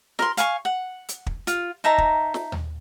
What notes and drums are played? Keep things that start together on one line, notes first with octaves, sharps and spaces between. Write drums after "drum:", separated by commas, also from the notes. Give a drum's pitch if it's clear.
A#4 C6, drum: snare
F5 G#5 C#6, drum: hi-hat
F#5
drum: hi-hat
drum: kick
F4, drum: hi-hat
D#4 E5 A5 A#5
drum: kick
drum: snare
drum: tom D#2